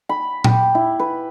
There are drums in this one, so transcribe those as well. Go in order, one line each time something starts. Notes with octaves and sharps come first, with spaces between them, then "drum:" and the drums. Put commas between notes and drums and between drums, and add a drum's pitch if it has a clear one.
B5
G4, drum: tom A#2
E4
B4